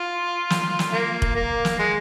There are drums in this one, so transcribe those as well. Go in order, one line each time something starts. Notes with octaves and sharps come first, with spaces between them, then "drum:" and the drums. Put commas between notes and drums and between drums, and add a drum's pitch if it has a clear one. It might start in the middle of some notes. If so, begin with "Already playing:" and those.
Already playing: F4
drum: snare
drum: snare
A#3
drum: kick F1
A#3
drum: snare
G#3